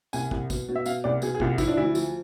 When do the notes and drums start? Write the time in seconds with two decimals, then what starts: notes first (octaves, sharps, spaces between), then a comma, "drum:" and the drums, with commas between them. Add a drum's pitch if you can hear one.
0.13 C2 G#5, drum: tambourine
0.31 C2, drum: kick
0.50 B2, drum: kick, tambourine
0.69 B2
0.75 E5
0.86 B2 F5, drum: tambourine
1.04 C2 D5
1.22 B2 G#4, drum: tambourine
1.35 G#4
1.40 C2 F4, drum: kick
1.58 F3 E4, drum: kick, tambourine
1.68 D4
1.77 D2 E4
1.95 F3, drum: tambourine